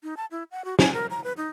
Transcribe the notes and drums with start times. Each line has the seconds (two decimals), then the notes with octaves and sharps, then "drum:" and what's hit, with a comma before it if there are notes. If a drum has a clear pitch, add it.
0.03 D#4
0.17 A5
0.31 E4
0.51 F#5
0.65 F#4
0.79 G#5, drum: snare
0.94 A#4
1.10 A#5
1.24 B4
1.37 D#4